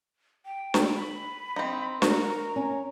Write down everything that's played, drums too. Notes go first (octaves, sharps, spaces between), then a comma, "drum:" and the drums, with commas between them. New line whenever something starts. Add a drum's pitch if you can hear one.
G5
drum: snare
B5
C4 D#4
F#4 A#4 A#5, drum: snare
C#4